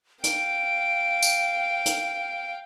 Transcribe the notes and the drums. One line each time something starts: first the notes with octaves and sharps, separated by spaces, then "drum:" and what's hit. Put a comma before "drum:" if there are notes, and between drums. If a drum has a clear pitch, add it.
F5 G5 D7, drum: hi-hat
drum: tambourine
drum: hi-hat